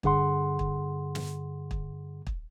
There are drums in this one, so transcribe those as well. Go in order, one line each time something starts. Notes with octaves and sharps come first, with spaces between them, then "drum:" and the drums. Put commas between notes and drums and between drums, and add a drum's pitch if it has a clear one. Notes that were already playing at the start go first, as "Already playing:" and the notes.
G2 D3 G#4 F#5 C6, drum: kick
drum: kick
drum: snare
drum: kick
drum: kick